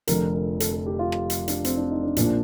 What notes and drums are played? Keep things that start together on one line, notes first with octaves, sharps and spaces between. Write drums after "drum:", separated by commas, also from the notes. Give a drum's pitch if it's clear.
F1 F2 D3 A#4, drum: hi-hat
A#4
A4, drum: hi-hat
A4
G4
F4
drum: rim click
drum: hi-hat
D4, drum: hi-hat
C4, drum: hi-hat
D4
D#4
D4
A#1 A#2 F3 D4, drum: hi-hat